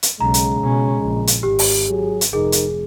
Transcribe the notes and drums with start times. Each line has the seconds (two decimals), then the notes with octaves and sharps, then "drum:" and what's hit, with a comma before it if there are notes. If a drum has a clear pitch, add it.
0.03 drum: hi-hat
0.20 B1 C#3 G#3 A#5
0.34 drum: hi-hat
0.60 B2 C#4
1.02 A#1
1.27 drum: hi-hat
1.43 G#1 G4
1.59 drum: open hi-hat
1.88 F#3 G#4
2.21 drum: hi-hat
2.33 F1 D#4 G#4 A#4
2.52 drum: hi-hat